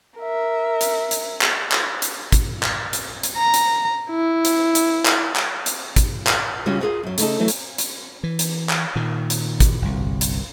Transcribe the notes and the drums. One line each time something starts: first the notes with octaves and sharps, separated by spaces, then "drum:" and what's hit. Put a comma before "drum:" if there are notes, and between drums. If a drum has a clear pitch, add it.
A#4 E5
drum: hi-hat
drum: hi-hat
drum: clap
drum: clap
drum: hi-hat
drum: kick, hi-hat
drum: clap
drum: hi-hat
drum: hi-hat
A#5
drum: hi-hat
E4
drum: hi-hat
drum: hi-hat
drum: clap
drum: clap
drum: hi-hat
drum: kick, hi-hat
drum: clap
C#3 G3 C#4 F4 F#4
F4 F#4 G#4 A#4 C#5 F#5
F#2 F#3
C#3 A3 D#4 A4, drum: hi-hat
E3 F#3 A3 B3
drum: hi-hat
drum: hi-hat
E3
drum: hi-hat
drum: clap
A#2 D#3
drum: hi-hat
drum: kick, hi-hat
G1 C2
drum: hi-hat